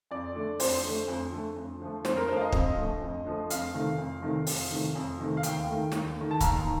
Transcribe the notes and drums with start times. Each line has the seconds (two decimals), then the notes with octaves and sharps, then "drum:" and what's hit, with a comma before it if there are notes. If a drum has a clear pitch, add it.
0.11 F2 D5
0.35 D3 A3
0.60 F2 C5, drum: open hi-hat
0.83 D3 A3
1.08 F2
1.32 D3 A3
1.56 F2
1.80 D3 F3 A3
2.05 F2 C5, drum: snare
2.17 A#4
2.28 D3 F3 A3 C5
2.37 F5
2.40 D#5
2.52 F2, drum: kick
2.77 D3 F3 A3
3.02 F2
3.25 D3 F3 A3
3.50 F2 F5, drum: hi-hat
3.74 C3 D#3 A3
3.98 F2
4.22 C3 D#3 A3
4.47 F2, drum: open hi-hat
4.71 C3 D#3 A3
4.95 F2
5.20 C3 D#3 A3
5.37 F5
5.43 D#2 G5, drum: hi-hat
5.68 D#3 A3
5.92 D#2, drum: snare
6.16 D#3 A3
6.31 A5
6.41 D#2 A#5, drum: kick, hi-hat
6.64 D#3